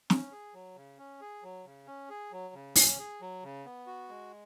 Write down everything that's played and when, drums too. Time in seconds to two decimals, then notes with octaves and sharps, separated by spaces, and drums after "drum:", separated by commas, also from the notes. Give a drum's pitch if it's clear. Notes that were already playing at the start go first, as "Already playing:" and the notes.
0.10 C#4, drum: snare
0.32 G#4
0.54 F#3
0.76 C#3
0.98 C#4
1.21 G#4
1.43 F#3
1.65 C#3
1.87 C#4
2.09 G#4
2.32 F#3
2.54 C#3
2.76 C#4, drum: open hi-hat
2.99 G#4
3.21 F#3
3.43 C#3
3.65 B3
3.87 F#4
4.09 G#3